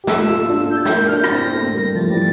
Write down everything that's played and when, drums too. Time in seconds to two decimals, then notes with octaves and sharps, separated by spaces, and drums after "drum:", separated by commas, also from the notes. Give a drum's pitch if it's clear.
0.04 G4
0.07 F4 A4 E6, drum: snare
0.29 F4 A4
0.49 D4 F4
0.70 G6
0.77 A6
0.85 G6, drum: snare
0.91 A#3 D4
1.08 F6
1.11 A#3 D4 G6
1.24 A6, drum: rim click
1.33 C4 E4 A#6
1.53 A3 C4
1.74 G3 A#3
1.95 F3 A3 A6
2.10 E3 G3